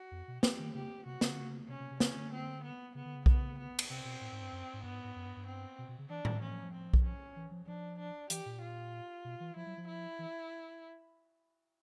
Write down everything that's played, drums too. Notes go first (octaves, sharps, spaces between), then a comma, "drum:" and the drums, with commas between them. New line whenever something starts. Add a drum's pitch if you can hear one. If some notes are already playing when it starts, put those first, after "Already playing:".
Already playing: F#4
F2
B2
G4, drum: snare
D#3
C#3 G4
C3 F#4
C#3, drum: snare
D3
C#3
C3 C#4
C3
C3
C#3 C#4, drum: snare
D3
C4
B3
C#3 B3
D3
C#3
B3, drum: kick B1
B3
drum: cymbal
C3 C4
B2
A2
G#2
G2
F#2
G#2
G2 B3
G#2
G#2
F#2
G2
G2
C4
B2
B2
C#3
E3 D4
D#3, drum: tom A2
E3 C#4
F3
F3
C4
drum: kick B1
C#4
E3
F3
F3 D4
D4
E3 G4, drum: hi-hat
A#2
F4
B2
E3
F3 E4
F#3
F3
E4
E3